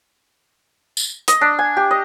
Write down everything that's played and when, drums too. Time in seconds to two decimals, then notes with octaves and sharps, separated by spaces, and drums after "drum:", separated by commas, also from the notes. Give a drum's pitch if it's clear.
0.97 drum: tambourine
1.28 D#5, drum: hi-hat
1.41 D4
1.59 G#5
1.77 G4
1.91 D#5